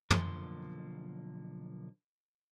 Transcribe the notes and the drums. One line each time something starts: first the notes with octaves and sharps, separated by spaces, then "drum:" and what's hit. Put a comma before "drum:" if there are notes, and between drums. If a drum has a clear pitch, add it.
B1 D3 F3 A#3 B5 C6, drum: tom